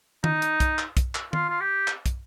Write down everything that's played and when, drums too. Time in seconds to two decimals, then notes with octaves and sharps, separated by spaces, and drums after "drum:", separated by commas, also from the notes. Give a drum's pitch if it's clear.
0.24 D#4, drum: tom D#3
0.42 drum: hi-hat
0.60 drum: kick, hi-hat
0.78 drum: clap
0.97 drum: kick, hi-hat
1.15 drum: clap
1.33 F4, drum: tom D#3
1.49 F4
1.60 G4
1.87 drum: clap
2.06 drum: kick, hi-hat